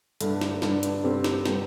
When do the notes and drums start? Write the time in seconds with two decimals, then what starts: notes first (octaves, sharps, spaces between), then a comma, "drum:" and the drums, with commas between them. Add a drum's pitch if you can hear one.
0.21 G2 D3 A3 D4, drum: hi-hat
0.41 drum: snare
0.62 G2 D3 A3 D4, drum: snare
0.83 drum: hi-hat
1.04 G2 D3 G3 C4 G4
1.24 drum: snare
1.46 D3 G3 C4 G4, drum: snare